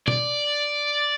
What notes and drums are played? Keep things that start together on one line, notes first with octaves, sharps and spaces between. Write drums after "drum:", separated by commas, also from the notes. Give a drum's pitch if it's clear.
D5, drum: tom